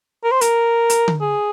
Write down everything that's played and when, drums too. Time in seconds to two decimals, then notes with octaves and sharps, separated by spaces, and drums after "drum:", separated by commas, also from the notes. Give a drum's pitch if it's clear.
0.24 A#4
0.31 C5
0.41 A#4, drum: hi-hat
0.90 drum: hi-hat
1.08 drum: tom D3
1.21 G#4